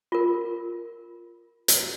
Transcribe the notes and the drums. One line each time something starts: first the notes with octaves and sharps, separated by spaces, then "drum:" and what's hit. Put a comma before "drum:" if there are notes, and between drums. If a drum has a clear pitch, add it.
F4 A#4
drum: hi-hat